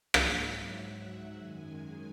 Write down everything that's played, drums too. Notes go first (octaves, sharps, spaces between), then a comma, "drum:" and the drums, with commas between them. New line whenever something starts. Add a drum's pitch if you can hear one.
G#2 F#3 E5, drum: rim click
F#5
F#2 D#3 G#3 G#5